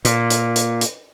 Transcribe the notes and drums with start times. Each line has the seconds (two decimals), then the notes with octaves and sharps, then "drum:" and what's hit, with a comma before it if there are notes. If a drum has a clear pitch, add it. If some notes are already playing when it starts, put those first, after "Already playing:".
0.05 A#2, drum: hi-hat
0.30 drum: hi-hat
0.56 drum: hi-hat
0.81 drum: hi-hat